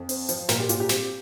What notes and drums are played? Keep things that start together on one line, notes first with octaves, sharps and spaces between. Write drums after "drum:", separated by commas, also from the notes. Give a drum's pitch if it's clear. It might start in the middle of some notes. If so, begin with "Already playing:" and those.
Already playing: F2
C4, drum: open hi-hat
F3, drum: hi-hat
A#2 A#4, drum: snare
G4
A#2 F4, drum: hi-hat
G4
C4, drum: snare